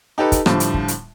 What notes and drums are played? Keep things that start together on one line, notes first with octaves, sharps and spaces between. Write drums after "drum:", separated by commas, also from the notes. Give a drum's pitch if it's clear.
D#4 G4 A4 B4
drum: kick, hi-hat
A2 D3 F3 G3, drum: rim click
drum: hi-hat
drum: kick
drum: hi-hat